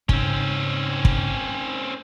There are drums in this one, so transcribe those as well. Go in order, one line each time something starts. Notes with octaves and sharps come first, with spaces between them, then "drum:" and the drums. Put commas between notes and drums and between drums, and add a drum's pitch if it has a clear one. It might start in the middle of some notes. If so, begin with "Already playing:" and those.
G#2 C#3 C4 C#4, drum: kick
drum: kick